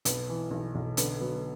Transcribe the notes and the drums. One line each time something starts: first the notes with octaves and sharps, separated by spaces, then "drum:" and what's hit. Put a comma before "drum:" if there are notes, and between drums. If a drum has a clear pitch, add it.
B1 B3, drum: hi-hat
E3
B1
B1
D3 B3, drum: hi-hat
F#3 B3